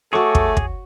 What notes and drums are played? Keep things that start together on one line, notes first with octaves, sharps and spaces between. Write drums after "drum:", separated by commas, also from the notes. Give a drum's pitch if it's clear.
A3 F#4 G#4 A4 C#5 C#6 D6
drum: kick
drum: kick